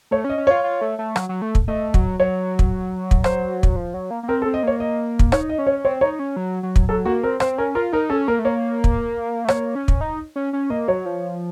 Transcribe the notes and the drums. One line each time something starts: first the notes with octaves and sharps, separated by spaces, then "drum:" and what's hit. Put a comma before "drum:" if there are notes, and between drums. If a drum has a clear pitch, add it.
A3 C#5
C#4
D#5
C#4
F4 C#5
F4
A3
A3
F#3, drum: rim click
F#3
A3
drum: kick
A3 D#5
F#3, drum: kick
F#3 C#5
drum: kick
drum: kick
C5, drum: rim click
drum: kick
F3
F#3
A#3
A#3
C4 A#4
A4
C4
D#5
A#3 C#5
D#5
drum: kick
D#4 C#5, drum: rim click
D#5
C#4
C#5
C4 C#5
D#4 C#5
C#4
F#3
F#3
drum: kick
F#3 A4
A#3 F#4
C4 A#4
C4 C5, drum: rim click
C#4 A#4
F4 A#4
D#4 A#4
C#4 A4
A#3 A#4
A3
A#3 C#5
drum: kick
A3
A#3 C#5, drum: rim click
C#4
drum: kick
D#4
C#4
C#4
A#3 D#5
F#3 C#5
F3